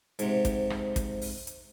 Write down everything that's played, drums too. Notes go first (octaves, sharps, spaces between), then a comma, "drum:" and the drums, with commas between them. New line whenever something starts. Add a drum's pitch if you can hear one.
G#2 C3, drum: hi-hat
drum: kick, hi-hat
drum: rim click
drum: kick, hi-hat
drum: open hi-hat
drum: hi-hat